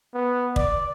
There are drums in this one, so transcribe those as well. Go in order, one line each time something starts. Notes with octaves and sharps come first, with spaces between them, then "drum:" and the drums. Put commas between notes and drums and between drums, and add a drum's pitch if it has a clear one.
B3
D5, drum: kick